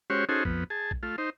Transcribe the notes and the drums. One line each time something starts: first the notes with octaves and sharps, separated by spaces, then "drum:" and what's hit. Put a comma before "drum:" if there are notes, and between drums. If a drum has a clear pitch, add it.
G#3 C#4 F#4 G4 C5 C#5
C#4 D#4 F#4 G#4 A4 C5
F2 B3, drum: kick
G#4 A5
drum: kick
A3 F4
D#4 C5